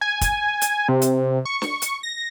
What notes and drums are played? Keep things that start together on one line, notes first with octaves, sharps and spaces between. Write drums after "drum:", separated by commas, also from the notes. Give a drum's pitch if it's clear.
G#5
drum: kick, hi-hat
drum: hi-hat
C3
drum: hi-hat
C#6
drum: snare
drum: hi-hat
A#6